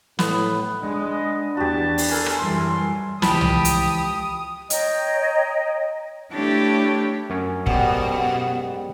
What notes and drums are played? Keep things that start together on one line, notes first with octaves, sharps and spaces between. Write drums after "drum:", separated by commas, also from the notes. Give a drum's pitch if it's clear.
A2 B3, drum: snare
G#3 D4 D#5
E2 F#4 G4 A5
drum: open hi-hat
A4 A#4 G#5
drum: rim click
F#2 E3 G3 C6
C#2 E3 F3 G4 A5 B5 D#6, drum: snare
drum: tom
drum: hi-hat
C#5 D#5 G5 A#5, drum: hi-hat
A3 D4 E4 G4 C#5
F#2 C#4
G#2 B2 G3 F#5, drum: kick